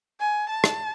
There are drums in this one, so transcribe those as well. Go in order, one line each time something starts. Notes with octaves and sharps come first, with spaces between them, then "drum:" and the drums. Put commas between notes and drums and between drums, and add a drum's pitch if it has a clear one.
G#5
A5
drum: rim click